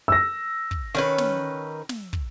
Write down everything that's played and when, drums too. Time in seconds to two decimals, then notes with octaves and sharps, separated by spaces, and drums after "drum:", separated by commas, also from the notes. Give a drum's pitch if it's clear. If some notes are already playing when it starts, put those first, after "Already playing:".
0.08 E6 A#6
0.71 drum: kick
0.95 D#3 C#4 B4
1.18 drum: snare
1.89 drum: snare
2.13 drum: kick